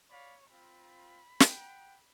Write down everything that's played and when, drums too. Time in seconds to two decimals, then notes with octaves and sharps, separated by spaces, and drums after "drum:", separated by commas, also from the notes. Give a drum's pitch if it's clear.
0.11 C#5 D5 F5 B5
0.51 C4 F4 B5
1.40 F#5 G5, drum: snare